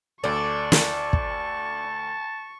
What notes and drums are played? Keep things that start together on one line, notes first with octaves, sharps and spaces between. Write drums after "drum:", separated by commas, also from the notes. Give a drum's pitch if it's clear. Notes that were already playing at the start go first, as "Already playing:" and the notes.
D2 D4 A4 A5 C#6
drum: snare
drum: kick